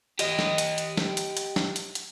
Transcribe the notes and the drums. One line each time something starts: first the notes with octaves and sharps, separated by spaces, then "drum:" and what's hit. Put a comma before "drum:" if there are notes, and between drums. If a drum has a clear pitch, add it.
G4 D#5, drum: hi-hat
drum: snare
drum: hi-hat
drum: hi-hat
drum: snare
drum: hi-hat
drum: hi-hat
drum: snare
drum: hi-hat
drum: hi-hat